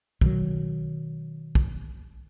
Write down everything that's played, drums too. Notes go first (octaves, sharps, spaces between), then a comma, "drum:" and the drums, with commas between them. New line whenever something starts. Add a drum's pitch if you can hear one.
B2 D#3 F#3, drum: kick
drum: kick